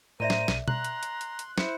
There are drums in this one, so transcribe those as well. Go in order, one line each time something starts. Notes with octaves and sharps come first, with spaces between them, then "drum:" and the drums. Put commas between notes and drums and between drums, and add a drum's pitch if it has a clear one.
A2 A#4 C5 D5 E5 A#5 D#7
drum: snare
B1, drum: snare
A#5 C6 F#6, drum: tom B2
drum: hi-hat
drum: hi-hat
drum: hi-hat
drum: hi-hat
E4 C5 C#7, drum: snare